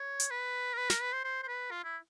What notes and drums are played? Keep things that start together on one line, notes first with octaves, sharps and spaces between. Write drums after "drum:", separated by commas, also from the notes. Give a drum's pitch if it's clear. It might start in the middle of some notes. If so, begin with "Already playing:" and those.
Already playing: C#5
drum: hi-hat
B4
A#4
B4
A#4, drum: snare
B4
C5
C5
C5
B4
F4
E4